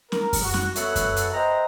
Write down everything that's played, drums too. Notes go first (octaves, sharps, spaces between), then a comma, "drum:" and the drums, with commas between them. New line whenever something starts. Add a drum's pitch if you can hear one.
A#4, drum: snare C#4
drum: kick F#2, open hi-hat
F#4
drum: snare C#4
B3 F#4 A4 C#5 E5 F#5, drum: hi-hat
drum: kick F#2, hi-hat
drum: hi-hat
B4 C5 D#5 E5 G5 A#5